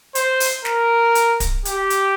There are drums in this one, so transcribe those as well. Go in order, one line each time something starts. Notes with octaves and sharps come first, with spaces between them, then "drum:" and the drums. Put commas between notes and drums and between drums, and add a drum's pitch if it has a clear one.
C5, drum: hi-hat
drum: open hi-hat
A#4, drum: snare
drum: hi-hat
drum: kick D1, hi-hat
G4, drum: hi-hat
drum: hi-hat